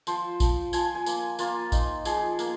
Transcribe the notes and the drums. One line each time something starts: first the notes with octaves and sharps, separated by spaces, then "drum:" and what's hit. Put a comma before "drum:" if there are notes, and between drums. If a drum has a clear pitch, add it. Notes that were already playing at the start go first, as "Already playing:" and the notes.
F3 C5, drum: tambourine
F3, drum: kick A#1, tambourine
F3 G#5, drum: tambourine
G#5
A#3, drum: tambourine
A#3 F4, drum: tambourine
D#4, drum: kick A#1, tambourine
F3 G#4, drum: tambourine
A#3, drum: tambourine